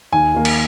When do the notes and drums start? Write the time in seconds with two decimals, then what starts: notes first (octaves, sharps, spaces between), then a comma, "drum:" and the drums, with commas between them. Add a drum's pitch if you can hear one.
0.13 D#2 G#5
0.35 D#3 A#3
0.45 drum: cymbal